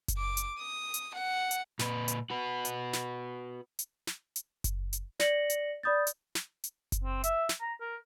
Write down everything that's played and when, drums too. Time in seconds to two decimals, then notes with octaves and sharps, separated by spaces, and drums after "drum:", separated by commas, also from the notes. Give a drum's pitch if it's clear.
0.08 drum: kick F#1, hi-hat
0.18 D6
0.37 drum: hi-hat
0.60 D#6
0.94 drum: hi-hat
1.16 F#5
1.51 drum: hi-hat
1.79 A#2 B4, drum: snare
2.08 drum: hi-hat
2.30 F#4 B4
2.65 drum: hi-hat
2.93 drum: snare
3.79 drum: hi-hat
4.07 drum: snare
4.36 drum: hi-hat
4.64 drum: kick F#1, hi-hat
4.93 drum: hi-hat
5.20 D5 A#6 C#7 F#7, drum: snare
5.50 drum: hi-hat
5.83 D5 B5 D#6 G6 A6
6.07 drum: hi-hat
6.35 drum: snare
6.64 drum: hi-hat
6.92 drum: kick F#1, hi-hat
7.04 C4
7.24 E5, drum: hi-hat
7.49 drum: snare
7.61 A#5
7.81 A#4